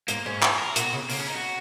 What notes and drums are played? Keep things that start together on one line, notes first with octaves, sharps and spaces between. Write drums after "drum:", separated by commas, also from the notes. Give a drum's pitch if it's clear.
G#2 A#3, drum: hi-hat
G#2 C#4
drum: clap
A#4
A#2 F#4, drum: hi-hat
C#3
C#3 A#3, drum: open hi-hat
C#4
D#4
F#4